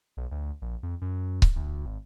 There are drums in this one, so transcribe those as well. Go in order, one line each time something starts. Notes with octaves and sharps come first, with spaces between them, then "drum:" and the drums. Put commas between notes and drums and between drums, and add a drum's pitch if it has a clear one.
B1
D2
A#1
F2
F#2
drum: kick C#1
D2
G#1